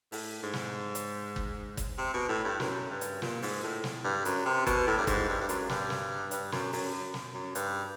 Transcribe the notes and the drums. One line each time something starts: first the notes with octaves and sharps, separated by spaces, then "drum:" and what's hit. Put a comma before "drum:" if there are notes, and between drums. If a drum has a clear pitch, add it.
A2, drum: open hi-hat
G#2
drum: snare
drum: hi-hat
drum: kick G1
drum: kick G1, hi-hat
C3
B2
A2
G2
F#2, drum: snare
G2
drum: hi-hat
A#2, drum: snare
G#2, drum: open hi-hat
A2
drum: snare
G2
F#2, drum: hi-hat
C3
B2, drum: kick G1, hi-hat
A2
G2
G#2, drum: kick G1, hi-hat
G2
G2
F#2, drum: hi-hat
G2, drum: snare
drum: snare
G2, drum: hi-hat
F#2, drum: snare
F#2, drum: open hi-hat
F#2
drum: snare
F#2
G2, drum: hi-hat